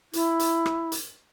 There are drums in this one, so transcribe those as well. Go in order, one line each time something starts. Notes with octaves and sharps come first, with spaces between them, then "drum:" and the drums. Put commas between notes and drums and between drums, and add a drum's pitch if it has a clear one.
E4, drum: hi-hat
drum: hi-hat
drum: rim click
drum: hi-hat